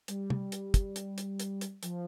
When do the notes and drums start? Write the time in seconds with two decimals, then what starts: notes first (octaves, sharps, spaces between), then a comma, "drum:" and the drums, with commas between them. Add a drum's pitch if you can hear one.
0.08 G3, drum: hi-hat
0.30 drum: tom
0.52 drum: hi-hat
0.74 drum: kick, hi-hat
0.96 drum: hi-hat
1.18 drum: hi-hat
1.40 drum: hi-hat
1.61 drum: hi-hat
1.83 F3, drum: hi-hat